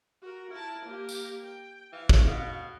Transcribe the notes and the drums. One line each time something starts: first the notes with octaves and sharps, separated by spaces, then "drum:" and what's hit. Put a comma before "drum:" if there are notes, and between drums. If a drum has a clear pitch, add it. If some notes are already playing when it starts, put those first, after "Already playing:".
F#4 A#4
E4 A#4 A5
A#3 G4
drum: tambourine
G5
E3 F5
drum: kick
B2